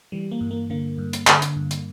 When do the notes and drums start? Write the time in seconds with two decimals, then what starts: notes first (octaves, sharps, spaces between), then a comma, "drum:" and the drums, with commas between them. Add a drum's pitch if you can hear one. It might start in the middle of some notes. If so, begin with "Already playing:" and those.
0.12 E3 G3
0.31 A#3
0.41 G2
0.51 A#3
0.70 D3 A#3
0.98 G2
1.13 drum: hi-hat
1.27 D3, drum: clap
1.42 drum: hi-hat
1.56 G2
1.71 drum: hi-hat